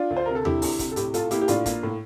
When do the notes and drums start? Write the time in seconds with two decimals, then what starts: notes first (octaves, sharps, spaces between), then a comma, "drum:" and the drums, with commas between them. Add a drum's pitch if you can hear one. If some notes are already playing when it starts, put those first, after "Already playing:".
Already playing: D4 F4
0.10 D2
0.16 C5
0.26 C3 A#4
0.35 A4
0.45 D2 E4 G4, drum: tom D#2
0.62 D2, drum: open hi-hat
0.79 C3, drum: kick, hi-hat
0.91 A4
0.96 A2 E4 G4, drum: hi-hat
1.14 A2 F4 A4, drum: hi-hat
1.31 A#3 E4 G4, drum: hi-hat
1.41 G4
1.48 A2 D4 F4, drum: hi-hat
1.66 A#3, drum: kick, hi-hat
1.83 A2